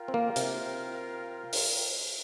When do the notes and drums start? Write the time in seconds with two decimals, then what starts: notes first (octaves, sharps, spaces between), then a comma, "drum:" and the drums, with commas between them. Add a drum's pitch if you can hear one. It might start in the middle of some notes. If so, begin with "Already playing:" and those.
Already playing: F4 A#4 G5
0.08 C4
0.14 A#3
0.36 C3, drum: hi-hat
1.53 drum: open hi-hat